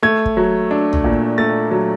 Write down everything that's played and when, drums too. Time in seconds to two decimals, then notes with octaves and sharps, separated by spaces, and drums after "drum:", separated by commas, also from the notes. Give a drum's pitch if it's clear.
0.03 A3 G#6
0.26 drum: kick
0.37 F#3
0.71 D4
0.93 drum: tom
1.04 A#2
1.38 A3 A6
1.71 F#3